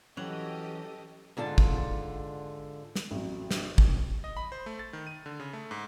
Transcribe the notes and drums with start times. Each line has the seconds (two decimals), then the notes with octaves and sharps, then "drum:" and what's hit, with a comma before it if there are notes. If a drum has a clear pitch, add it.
0.17 E3 F#3 C#4 G4 A4 D#5
1.37 G#2 D3 F4 A5
1.58 drum: kick
2.96 drum: snare
3.11 A1 F2 F#3
3.51 drum: snare
3.78 drum: kick
4.24 D#5
4.37 B5
4.52 C5
4.66 A3
4.79 A6
4.93 D#3
5.07 D#7
5.26 D3
5.40 C#3
5.53 A3
5.71 G#2